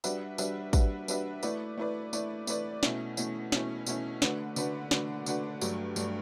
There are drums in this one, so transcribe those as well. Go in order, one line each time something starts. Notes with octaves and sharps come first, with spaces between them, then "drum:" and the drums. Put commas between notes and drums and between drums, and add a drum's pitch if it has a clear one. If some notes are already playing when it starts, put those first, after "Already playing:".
G3 D4 F#4 B4 E5, drum: tambourine
G3 D4 F#4 B4 E5, drum: tambourine
G3 D4 F#4 B4 E5, drum: kick, tambourine
G3 D4 F#4 B4 E5, drum: tambourine
A3 E4 B4 D5, drum: tambourine
A3 E4 B4 D5
A3 E4 B4 D5, drum: tambourine
A3 E4 B4 D5, drum: tambourine
B2 A3 C#4 E4, drum: snare
B2 A3 C#4 E4, drum: tambourine
B2 A3 C#4 E4, drum: snare
B2 A3 C#4 E4, drum: tambourine
D3 A3 D4 F#4 B4, drum: snare
D3 A3 D4 F#4 B4, drum: tambourine
D3 A3 D4 F#4 B4, drum: snare
D3 A3 D4 F#4 B4, drum: tambourine
G2 F#3 A3 D4, drum: tambourine
G2 F#3 A3 D4, drum: tambourine